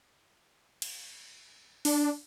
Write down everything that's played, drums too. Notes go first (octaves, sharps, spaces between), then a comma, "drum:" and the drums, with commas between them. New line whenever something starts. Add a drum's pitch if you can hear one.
drum: cymbal
D4, drum: open hi-hat